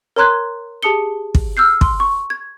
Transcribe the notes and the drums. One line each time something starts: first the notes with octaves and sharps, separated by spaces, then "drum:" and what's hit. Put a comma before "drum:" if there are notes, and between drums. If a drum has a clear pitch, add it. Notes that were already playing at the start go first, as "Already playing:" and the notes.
A#4 C#5 A#5 C6 F#6 G#6
G4 G#4 A5 D#6 C#7 G7
drum: kick
E6 F6 G6 C7
C6, drum: kick
C#6
G#6